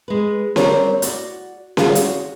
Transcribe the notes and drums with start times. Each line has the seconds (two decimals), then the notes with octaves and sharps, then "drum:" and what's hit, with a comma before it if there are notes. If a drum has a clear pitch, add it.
0.08 G#3 B4
0.56 G3 C4 G4 A#4 C5 C#5, drum: snare C#4
1.02 F#4 D5, drum: hi-hat
1.77 G3 C4 F4 F#4 G#4, drum: snare C#4
1.95 F#4, drum: hi-hat